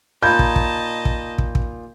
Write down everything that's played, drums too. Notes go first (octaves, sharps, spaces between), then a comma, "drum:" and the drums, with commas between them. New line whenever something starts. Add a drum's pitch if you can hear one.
A#2 D#4 D#5 A5 B5 G6 G#6
drum: kick
drum: kick
drum: kick
drum: kick
drum: kick